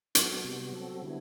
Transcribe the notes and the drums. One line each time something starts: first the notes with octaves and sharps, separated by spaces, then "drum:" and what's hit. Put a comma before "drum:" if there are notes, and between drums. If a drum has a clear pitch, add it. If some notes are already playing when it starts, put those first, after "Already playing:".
F#3 B3 F#4 A4, drum: hi-hat
C3 G3 B3 F#4
F#3 C4 F#4 A4
D3 G3 B3 E4